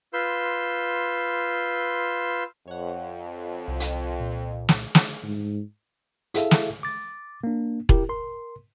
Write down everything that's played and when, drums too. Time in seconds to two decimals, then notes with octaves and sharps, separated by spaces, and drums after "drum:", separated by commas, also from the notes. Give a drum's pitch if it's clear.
0.13 F4 B4 C6 E6 G6
2.68 F2 C#5 F#5
3.68 C2
3.80 drum: hi-hat
4.20 A#2
4.69 drum: snare
4.95 drum: snare
5.23 G#2
6.34 E4 G#4 A4 E5 F5, drum: hi-hat
6.51 drum: snare
6.83 D6 A6
7.44 A#3 D4
7.89 E4 G4 A#4, drum: kick E1
8.09 A#4 C6